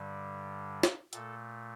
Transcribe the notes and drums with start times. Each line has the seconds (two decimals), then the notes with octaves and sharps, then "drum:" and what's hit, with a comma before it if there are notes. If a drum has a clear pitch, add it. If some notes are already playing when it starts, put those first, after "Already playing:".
Already playing: G2 D3 G3
0.83 drum: snare
1.13 A#2 A3 A4, drum: hi-hat